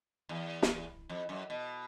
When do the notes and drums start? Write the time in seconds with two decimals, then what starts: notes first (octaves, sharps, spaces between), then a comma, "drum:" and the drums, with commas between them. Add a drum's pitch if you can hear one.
0.29 E2
0.63 drum: snare
1.09 F2
1.29 F#2
1.50 B2